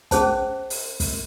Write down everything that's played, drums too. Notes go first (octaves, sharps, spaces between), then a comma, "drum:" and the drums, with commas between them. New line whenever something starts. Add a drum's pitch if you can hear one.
C#4 G#4 C5 A5, drum: kick, hi-hat
drum: open hi-hat
drum: kick, open hi-hat